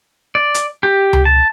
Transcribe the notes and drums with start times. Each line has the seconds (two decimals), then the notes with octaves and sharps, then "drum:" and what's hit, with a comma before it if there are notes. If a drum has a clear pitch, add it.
0.35 D5
0.54 drum: hi-hat
0.83 G4
1.13 drum: tom C#2
1.25 A5